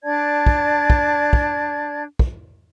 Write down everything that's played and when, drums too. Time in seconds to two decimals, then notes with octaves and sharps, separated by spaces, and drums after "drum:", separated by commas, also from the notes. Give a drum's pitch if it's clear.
0.03 D4 D5 A5 G#6
0.46 drum: kick
0.90 drum: kick
1.33 drum: kick
2.19 drum: kick